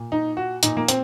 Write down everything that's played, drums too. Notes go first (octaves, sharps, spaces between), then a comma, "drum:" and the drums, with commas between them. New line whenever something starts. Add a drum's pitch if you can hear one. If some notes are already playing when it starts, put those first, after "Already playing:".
Already playing: A#2
D#4
F#4
A#2 D#4, drum: hi-hat
A#3
C4, drum: hi-hat